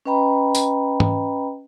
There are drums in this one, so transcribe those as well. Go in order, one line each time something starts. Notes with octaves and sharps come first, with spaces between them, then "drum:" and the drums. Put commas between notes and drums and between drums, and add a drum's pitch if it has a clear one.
C#4 B4 D#5 G5 A#5 B5
drum: tambourine
drum: tom G#2